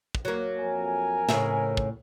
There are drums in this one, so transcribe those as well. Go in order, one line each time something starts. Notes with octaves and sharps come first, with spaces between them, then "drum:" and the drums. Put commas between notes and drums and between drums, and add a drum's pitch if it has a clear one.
drum: kick
F#3 A#3
F2 A#4 G#5
A2 C#3 E5, drum: snare
drum: kick